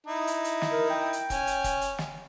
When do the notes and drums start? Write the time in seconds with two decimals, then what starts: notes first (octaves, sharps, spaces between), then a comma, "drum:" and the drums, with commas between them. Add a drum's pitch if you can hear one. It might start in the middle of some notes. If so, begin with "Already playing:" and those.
0.07 D#4 E4
0.27 drum: hi-hat
0.44 drum: hi-hat
0.62 drum: snare
0.72 A#4
0.90 G5
1.13 drum: hi-hat
1.30 C#4 G#5, drum: kick F1, hi-hat
1.47 drum: hi-hat
1.64 drum: kick F1, hi-hat
1.81 drum: hi-hat
1.98 drum: snare